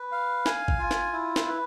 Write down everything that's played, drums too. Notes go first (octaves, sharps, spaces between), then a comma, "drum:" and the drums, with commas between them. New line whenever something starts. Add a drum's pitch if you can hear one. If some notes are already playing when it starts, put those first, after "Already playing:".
Already playing: B4
F5
G#5, drum: snare
drum: kick G#1
F4
drum: snare
E4
drum: snare
B4